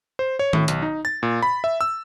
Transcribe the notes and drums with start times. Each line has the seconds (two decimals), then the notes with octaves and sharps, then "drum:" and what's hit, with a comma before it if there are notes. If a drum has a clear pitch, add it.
0.19 C5
0.39 C#5
0.53 A2, drum: tom D#3
0.68 B1, drum: hi-hat
0.82 D#4
1.05 A6
1.23 A#2
1.43 B5
1.64 E5
1.81 E6